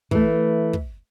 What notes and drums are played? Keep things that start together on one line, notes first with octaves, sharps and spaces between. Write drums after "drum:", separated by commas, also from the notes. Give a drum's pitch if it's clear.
E3 A3, drum: kick
drum: kick